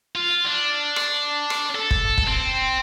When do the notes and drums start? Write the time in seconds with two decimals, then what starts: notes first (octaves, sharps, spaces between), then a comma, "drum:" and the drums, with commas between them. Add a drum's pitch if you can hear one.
0.15 F4
0.45 D4
0.96 drum: rim click
1.50 drum: rim click
1.75 A4
1.91 drum: kick
2.18 drum: kick
2.27 C4